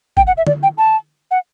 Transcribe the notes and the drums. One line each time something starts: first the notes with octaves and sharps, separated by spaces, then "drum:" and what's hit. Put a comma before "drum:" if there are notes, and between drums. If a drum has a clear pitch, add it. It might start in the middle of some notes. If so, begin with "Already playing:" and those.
G5, drum: kick
F#5
E5
D5, drum: tom D3
G5
A5
F#5